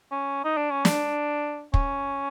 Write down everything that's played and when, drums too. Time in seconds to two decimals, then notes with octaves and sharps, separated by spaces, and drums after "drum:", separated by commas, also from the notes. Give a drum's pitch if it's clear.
0.11 C#4
0.44 D#4
0.57 D4
0.71 C#4
0.85 D4, drum: snare
1.74 C#4, drum: kick